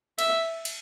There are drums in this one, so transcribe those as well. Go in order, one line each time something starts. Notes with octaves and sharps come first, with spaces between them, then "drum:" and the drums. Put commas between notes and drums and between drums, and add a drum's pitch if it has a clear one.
E5, drum: cymbal
drum: cymbal